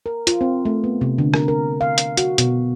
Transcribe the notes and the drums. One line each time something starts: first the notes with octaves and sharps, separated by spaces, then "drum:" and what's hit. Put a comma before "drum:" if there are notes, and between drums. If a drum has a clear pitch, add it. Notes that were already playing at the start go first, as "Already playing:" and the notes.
A#4
F4, drum: hi-hat
C4
A3
B3
C3
D3
A#4, drum: rim click
A#4
F5
drum: hi-hat
F#4, drum: hi-hat
B2, drum: hi-hat